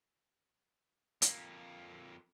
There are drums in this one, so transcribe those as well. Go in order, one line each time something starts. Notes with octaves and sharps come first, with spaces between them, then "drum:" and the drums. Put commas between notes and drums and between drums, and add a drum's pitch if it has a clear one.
F2 A#3, drum: hi-hat